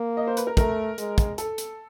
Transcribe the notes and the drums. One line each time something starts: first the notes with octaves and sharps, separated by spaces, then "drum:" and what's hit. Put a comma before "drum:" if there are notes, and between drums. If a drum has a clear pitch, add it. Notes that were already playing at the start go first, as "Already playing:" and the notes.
Already playing: A#3
D#5
C5
B4, drum: hi-hat
A#4
A3 A#4, drum: kick, hi-hat
G#3, drum: hi-hat
drum: kick, hi-hat
A4, drum: hi-hat
drum: hi-hat